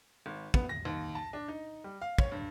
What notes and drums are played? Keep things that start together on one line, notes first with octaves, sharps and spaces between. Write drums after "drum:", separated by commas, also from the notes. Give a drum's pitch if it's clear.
G#1
B3, drum: kick
A#6
D#2
A5
D4
D#4
G3
F5
C#5, drum: kick
G2